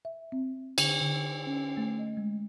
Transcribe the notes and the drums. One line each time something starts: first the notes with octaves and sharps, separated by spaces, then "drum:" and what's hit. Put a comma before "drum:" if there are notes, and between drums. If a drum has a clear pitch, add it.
E5
C4
D3, drum: cymbal
D3
C#4
A3
D#5
G#3